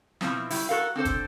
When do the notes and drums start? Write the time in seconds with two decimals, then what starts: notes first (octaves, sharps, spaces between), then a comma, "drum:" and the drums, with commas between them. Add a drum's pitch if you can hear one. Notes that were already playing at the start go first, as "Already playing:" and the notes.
0.21 B2 F3 C4 E4, drum: snare
0.50 G3 E4, drum: open hi-hat
0.69 F#4 A4 A#4 F5
0.95 C4 D4 A4 C5
1.05 drum: kick, hi-hat